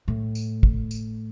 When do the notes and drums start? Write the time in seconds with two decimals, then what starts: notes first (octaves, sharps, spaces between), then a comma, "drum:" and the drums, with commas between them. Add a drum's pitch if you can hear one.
0.08 A2
0.35 drum: tambourine
0.63 drum: kick
0.91 drum: tambourine